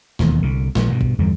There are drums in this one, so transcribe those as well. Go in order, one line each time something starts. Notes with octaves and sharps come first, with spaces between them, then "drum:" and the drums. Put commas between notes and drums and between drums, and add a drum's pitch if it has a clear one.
E1 D#2, drum: snare
C2 D3
A#1 F#3, drum: snare
G2 B2
drum: kick
E2 G2 D3 G3